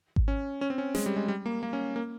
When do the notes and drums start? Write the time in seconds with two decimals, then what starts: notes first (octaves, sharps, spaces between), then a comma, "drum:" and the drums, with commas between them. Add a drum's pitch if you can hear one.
0.16 drum: kick G#1
0.28 C#4
0.61 C#4
0.70 C4
0.78 C#4
0.95 G#3, drum: snare
1.06 G3
1.16 G#3
1.28 G3
1.46 A#3
1.63 A#3
1.73 C#4
1.96 A#3